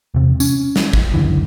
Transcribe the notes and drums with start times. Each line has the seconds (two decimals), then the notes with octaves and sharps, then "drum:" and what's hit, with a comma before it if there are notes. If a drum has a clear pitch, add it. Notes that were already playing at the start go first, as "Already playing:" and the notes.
0.15 E1 C3
0.40 C#4, drum: tambourine
0.76 drum: snare
0.93 drum: kick
1.14 C#2 F#2 D3 E3